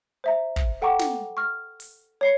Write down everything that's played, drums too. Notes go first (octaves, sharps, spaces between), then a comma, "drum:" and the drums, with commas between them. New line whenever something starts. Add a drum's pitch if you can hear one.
C5 E5 A#5
drum: kick
A4 F#5 G5 A#5 C#6 D6
drum: snare
C#6 F6
drum: open hi-hat
C#5 C7 C#7